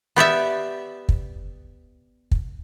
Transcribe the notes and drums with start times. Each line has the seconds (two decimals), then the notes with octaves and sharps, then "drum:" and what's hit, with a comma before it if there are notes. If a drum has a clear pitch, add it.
0.16 B3 G4 D5 E5
1.09 drum: kick
2.31 drum: kick